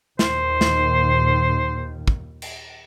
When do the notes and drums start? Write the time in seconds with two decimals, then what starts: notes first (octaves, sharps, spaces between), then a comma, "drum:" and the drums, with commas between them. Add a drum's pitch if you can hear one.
0.19 D#2 A#2 D#3 C5, drum: snare
0.61 drum: snare
2.08 drum: kick
2.42 drum: cymbal